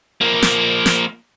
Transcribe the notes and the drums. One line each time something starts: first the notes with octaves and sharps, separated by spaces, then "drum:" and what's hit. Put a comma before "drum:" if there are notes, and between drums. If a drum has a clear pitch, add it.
F3 A#3
drum: snare
drum: snare